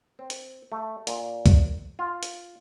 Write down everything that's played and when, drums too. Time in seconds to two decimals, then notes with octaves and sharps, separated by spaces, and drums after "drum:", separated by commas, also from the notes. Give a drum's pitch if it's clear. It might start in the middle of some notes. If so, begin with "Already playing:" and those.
0.19 C4
0.30 drum: hi-hat
0.72 A3
1.07 A#2, drum: hi-hat
1.46 drum: kick C2, hi-hat
1.99 F4
2.23 drum: hi-hat